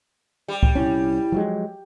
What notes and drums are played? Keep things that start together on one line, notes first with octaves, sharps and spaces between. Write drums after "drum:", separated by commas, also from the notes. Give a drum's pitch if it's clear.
G3
drum: kick C2
C2 C#4 E4
F3 F#3 G#3